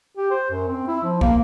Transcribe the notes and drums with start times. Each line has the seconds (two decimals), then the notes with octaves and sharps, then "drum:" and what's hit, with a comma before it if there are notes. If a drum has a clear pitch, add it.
0.17 G4
0.31 C5
0.50 F#2
0.68 C4
0.88 E4
1.03 F3
1.21 A#3, drum: kick